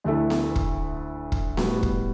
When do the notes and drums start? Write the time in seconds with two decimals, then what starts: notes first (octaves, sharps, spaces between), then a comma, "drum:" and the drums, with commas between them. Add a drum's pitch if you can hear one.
0.04 D2 D3 A3 E4 A4
0.30 drum: snare B3
0.56 drum: kick
1.32 drum: kick
1.57 A2 G3 B3 F#4, drum: snare B3
1.83 drum: kick